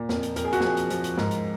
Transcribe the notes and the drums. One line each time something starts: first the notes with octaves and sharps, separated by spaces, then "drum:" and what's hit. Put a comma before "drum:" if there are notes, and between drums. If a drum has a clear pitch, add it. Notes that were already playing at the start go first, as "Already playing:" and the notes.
Already playing: A#2
F2 A#4, drum: snare
drum: hi-hat
F2 A#4, drum: hi-hat
G#4
F#4, drum: hi-hat
F3 G#4, drum: snare
drum: hi-hat
F3, drum: hi-hat
drum: hi-hat
G#2 A#4, drum: snare
drum: hi-hat